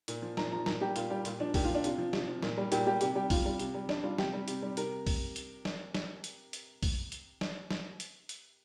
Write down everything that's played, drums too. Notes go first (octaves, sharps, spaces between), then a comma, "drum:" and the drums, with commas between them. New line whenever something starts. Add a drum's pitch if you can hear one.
A#2, drum: hi-hat
F3
A#2 A#5, drum: snare
F3 A#5
A#2 A#5, drum: snare
G3 G4
A#2 F4, drum: hi-hat
G3 G4
A#2 F4, drum: hi-hat
F3 D4
A#2 G4, drum: kick B1, open hi-hat
F3 F4
D4
C3 F4, drum: hi-hat
F3
C3, drum: snare
F3
A#2, drum: snare
G3
A#2 G4, drum: hi-hat
G3 G4
C3 G4, drum: hi-hat
G3 G4
C3 F4, drum: kick B1, open hi-hat
G3
C3, drum: hi-hat
G3
C3 D4, drum: snare
G3 F4
C3 G4, drum: snare
G3
C3, drum: hi-hat
G3
C3 A#4, drum: hi-hat
drum: kick B1, open hi-hat
drum: hi-hat
drum: snare
drum: snare
drum: hi-hat
drum: hi-hat
drum: kick B1, open hi-hat
drum: hi-hat
drum: snare
drum: snare
drum: hi-hat
drum: hi-hat